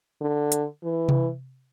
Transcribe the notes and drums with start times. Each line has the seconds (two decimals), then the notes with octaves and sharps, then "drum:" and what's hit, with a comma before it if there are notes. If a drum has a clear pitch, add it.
0.21 D3
0.52 drum: hi-hat
0.83 E3
1.09 drum: tom C3